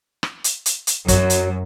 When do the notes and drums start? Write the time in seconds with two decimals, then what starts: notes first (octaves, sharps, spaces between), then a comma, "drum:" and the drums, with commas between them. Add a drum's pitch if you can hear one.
0.23 drum: rim click
0.44 drum: hi-hat
0.66 drum: hi-hat
0.87 drum: hi-hat
1.08 F#2 F#3, drum: kick, hi-hat
1.30 drum: hi-hat